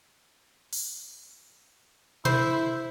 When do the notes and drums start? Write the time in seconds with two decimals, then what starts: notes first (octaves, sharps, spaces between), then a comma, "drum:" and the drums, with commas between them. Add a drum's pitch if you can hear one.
0.73 drum: open hi-hat
2.25 E4 C5, drum: tom B2